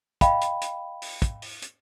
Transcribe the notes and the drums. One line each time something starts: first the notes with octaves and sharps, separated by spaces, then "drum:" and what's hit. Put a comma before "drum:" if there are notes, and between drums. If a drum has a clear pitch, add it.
D#5 F5 G5 B5, drum: kick, hi-hat
drum: hi-hat
drum: hi-hat
drum: open hi-hat
drum: kick, hi-hat
drum: open hi-hat
drum: hi-hat